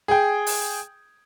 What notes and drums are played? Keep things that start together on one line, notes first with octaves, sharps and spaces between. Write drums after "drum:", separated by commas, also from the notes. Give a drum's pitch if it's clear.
G#4 G5
drum: open hi-hat